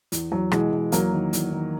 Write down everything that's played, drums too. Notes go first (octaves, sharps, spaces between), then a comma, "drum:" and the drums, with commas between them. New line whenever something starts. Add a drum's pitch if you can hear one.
E2, drum: hi-hat
E2 F#3
B2 E3 G#3, drum: rim click
B2
E2 F#3 A#3, drum: hi-hat
D#3
E2, drum: hi-hat
D#3